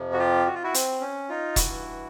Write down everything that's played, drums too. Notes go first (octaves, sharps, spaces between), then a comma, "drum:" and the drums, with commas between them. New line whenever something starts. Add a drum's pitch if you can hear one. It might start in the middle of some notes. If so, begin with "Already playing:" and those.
Already playing: F2 C3 F3
F#4
F4 G4
F#4
F4
E4 F#4
C4, drum: hi-hat
C#4
D#4 F4
G2 E3 E4 F#4, drum: kick E1, hi-hat